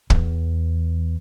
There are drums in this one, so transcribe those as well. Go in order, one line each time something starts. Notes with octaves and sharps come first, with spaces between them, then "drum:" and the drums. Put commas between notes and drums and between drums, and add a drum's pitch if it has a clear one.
E2, drum: kick